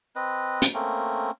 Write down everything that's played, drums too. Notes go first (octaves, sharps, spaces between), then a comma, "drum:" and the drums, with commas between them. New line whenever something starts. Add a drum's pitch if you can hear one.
C4 B4 D#5
drum: hi-hat
A3 A#3 C4 C#4